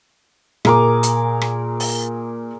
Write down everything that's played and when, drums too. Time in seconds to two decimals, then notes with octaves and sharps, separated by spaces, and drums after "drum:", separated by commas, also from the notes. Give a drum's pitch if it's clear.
0.65 A#2 G#4 A#4 D6, drum: rim click
1.03 drum: hi-hat
1.41 drum: rim click
1.80 drum: open hi-hat